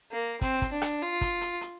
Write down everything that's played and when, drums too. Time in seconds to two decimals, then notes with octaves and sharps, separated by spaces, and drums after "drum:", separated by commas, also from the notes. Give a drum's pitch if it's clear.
0.12 A#3
0.41 C4, drum: kick, hi-hat
0.62 drum: kick, hi-hat
0.72 D4
0.82 drum: rim click
1.02 F4
1.21 drum: kick, hi-hat
1.41 drum: hi-hat
1.61 drum: hi-hat